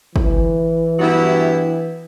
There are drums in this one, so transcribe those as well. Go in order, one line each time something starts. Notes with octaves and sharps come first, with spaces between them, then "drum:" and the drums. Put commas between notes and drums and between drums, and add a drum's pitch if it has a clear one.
E3, drum: kick
G2 F#3 B3 E4 G4